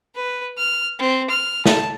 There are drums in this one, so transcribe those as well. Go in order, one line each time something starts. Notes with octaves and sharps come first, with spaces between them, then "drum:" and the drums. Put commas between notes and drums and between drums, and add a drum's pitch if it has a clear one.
B4
F6
C4
F6
A5, drum: snare